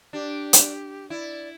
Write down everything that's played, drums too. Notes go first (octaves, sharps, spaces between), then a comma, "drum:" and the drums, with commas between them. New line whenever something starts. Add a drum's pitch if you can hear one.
D4 G4
drum: hi-hat
E4 D5